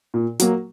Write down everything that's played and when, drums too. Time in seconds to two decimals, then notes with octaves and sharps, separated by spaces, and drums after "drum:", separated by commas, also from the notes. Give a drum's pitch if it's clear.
0.14 A#2
0.39 F#3 A#3, drum: hi-hat